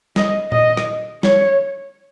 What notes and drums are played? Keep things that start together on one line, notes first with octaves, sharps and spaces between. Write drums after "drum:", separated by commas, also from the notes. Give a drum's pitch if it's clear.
D#5, drum: snare
D#5, drum: tom A#2
drum: rim click
C#5, drum: snare